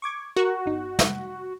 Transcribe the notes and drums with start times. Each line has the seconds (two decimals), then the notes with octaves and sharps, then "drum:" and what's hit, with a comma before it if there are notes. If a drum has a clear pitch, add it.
0.02 C#6 D6 G#6
0.36 F#4 A#4 C#6
0.66 G1 D#4
0.99 drum: snare